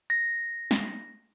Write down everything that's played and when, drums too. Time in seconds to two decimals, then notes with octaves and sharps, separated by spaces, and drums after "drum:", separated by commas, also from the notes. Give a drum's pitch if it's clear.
0.10 A#6
0.71 drum: snare